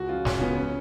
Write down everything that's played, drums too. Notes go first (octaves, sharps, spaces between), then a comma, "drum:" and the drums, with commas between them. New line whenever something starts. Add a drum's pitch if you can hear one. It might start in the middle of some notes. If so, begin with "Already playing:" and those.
Already playing: C#2 F#4
C#3 F3 F4
C#2 C#4, drum: snare
C#3 F3 B3
C#4